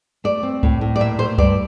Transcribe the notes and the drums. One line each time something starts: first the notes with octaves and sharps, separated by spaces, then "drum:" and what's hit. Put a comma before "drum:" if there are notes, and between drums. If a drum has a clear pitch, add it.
A3 D5
C4
A2, drum: kick C#2
A2
D5
A#2 E5
A3 C5
G2 D5, drum: kick C#2